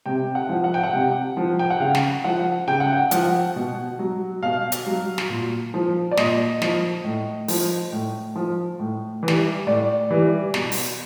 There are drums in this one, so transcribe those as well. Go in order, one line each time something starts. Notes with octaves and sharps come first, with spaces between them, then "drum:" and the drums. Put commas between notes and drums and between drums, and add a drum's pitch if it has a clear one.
C3 G5
F#5
F3
F#5
G5
F#5
C3
F3
G5
F#5
C#3 F5
drum: snare
F3 F#5
C#3 G5
F#5
G5
F3 F#5, drum: hi-hat
B2
F#3
B2 F5
drum: hi-hat
F#3
drum: snare
A#2
F3
D5
A#2 D#5, drum: snare
F3, drum: snare
A2
F3, drum: open hi-hat
A2
F3
A2
E3
G3, drum: snare
A2 D5
E3 G3
B2, drum: snare
drum: open hi-hat